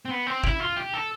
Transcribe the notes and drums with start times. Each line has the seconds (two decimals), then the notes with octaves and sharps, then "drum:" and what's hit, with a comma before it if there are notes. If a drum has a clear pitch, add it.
0.05 C4
0.11 B3
0.27 C4
0.44 E4, drum: kick
0.60 F4
0.77 G4
0.94 A4